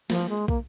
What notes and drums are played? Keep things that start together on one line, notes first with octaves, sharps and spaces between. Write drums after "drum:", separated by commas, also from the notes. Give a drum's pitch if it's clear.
F3, drum: snare
G#3
A#3, drum: kick